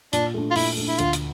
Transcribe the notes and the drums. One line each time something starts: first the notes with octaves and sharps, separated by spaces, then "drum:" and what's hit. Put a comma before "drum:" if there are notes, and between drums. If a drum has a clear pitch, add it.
A#2 D4, drum: hi-hat
A3 D4
F4
A#2 E4, drum: open hi-hat
A3 D4
E4
D2 F4, drum: hi-hat
drum: hi-hat